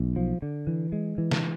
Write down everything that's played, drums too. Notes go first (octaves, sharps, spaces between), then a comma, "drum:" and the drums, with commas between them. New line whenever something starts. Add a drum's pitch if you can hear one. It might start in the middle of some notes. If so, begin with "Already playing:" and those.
Already playing: B1
F3
D3
E3
G#3
E3
drum: snare